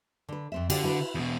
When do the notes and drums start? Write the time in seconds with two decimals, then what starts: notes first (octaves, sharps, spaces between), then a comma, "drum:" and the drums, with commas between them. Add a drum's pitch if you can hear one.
0.29 D3 B4
0.52 F2 C4 E5
0.70 D3 D4 F4 G4, drum: cymbal
0.83 E4 F#4 B4
1.15 E2 B2